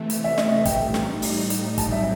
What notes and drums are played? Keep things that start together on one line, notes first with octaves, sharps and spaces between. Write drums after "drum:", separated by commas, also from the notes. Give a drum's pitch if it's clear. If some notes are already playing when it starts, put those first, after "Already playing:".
Already playing: C3 E3 A3
drum: hi-hat
E5
D#5, drum: snare
E5
A2 G3 D#4 G5, drum: kick, hi-hat
drum: snare
drum: open hi-hat
drum: hi-hat
A2 F#3 C4 E4 A5, drum: kick, hi-hat
E5